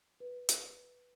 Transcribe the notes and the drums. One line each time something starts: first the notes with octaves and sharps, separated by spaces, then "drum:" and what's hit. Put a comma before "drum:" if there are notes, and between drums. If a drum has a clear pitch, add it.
B4
drum: hi-hat